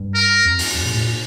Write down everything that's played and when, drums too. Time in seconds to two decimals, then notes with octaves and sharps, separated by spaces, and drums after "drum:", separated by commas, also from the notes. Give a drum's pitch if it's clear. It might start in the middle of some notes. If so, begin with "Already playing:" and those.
Already playing: G2
0.14 A#4
0.45 F2
0.59 drum: open hi-hat
0.75 F2
0.85 A#2
0.94 A2
1.04 A#2